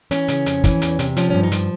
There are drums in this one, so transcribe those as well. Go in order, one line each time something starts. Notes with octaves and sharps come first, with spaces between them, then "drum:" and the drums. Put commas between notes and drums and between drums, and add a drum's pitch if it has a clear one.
E3 C#4, drum: hi-hat
C#3, drum: hi-hat
F2, drum: hi-hat
E3, drum: kick, hi-hat
E2, drum: hi-hat
C3, drum: hi-hat
F3 C#4, drum: hi-hat
G2 C#4
D#4
F3, drum: hi-hat